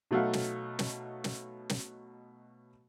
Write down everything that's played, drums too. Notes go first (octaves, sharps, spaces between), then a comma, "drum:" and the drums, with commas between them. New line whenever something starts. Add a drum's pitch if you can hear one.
B2 F#3 A3 D#4 F5 F#5
drum: snare
drum: snare
drum: snare
drum: snare